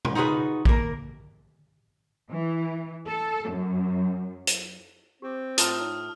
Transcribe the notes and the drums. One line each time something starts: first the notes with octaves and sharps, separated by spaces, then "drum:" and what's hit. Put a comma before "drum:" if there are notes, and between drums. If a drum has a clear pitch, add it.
drum: tom
D#4 F4 F#4 G#4 B4
A#3 A#4, drum: kick A#1
E3
A4
F#2
drum: hi-hat
C4 G4 D6
A2 F4 A#4 F5 A5 C6 D#6 F6, drum: hi-hat
D#4 C#5 A#5